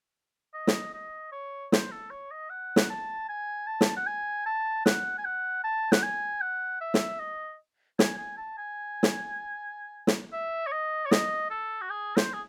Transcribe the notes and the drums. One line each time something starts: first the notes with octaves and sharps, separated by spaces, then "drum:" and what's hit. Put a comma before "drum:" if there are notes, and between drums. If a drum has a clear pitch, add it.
D#5
drum: snare
D#5
C#5
C5, drum: snare
A4
C#5
D#5
F#5
drum: snare
A5
G#5
A5
drum: snare
F#5
G#5
A5
F#5, drum: snare
G#5
F#5
A5
F#5, drum: snare
G#5
F#5
E5
drum: snare
D#5
G#5, drum: snare
G#5
A5
G#5
drum: snare
drum: snare
E5
C#5
D#5
C#5
D#5, drum: snare
A4
F#4
G#4
C5, drum: snare
G#4